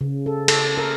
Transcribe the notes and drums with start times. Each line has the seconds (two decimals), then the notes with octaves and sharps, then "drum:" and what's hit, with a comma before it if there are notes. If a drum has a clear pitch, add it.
0.01 C#3
0.26 A4
0.48 A4, drum: cymbal
0.77 A#4